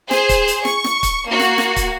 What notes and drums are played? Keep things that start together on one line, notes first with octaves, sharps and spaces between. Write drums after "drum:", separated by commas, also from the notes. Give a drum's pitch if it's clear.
G#4 C5, drum: snare
drum: kick, hi-hat
drum: hi-hat
C#6, drum: snare
drum: snare
drum: kick, hi-hat
A#3 F#4
drum: snare
drum: snare
drum: kick, hi-hat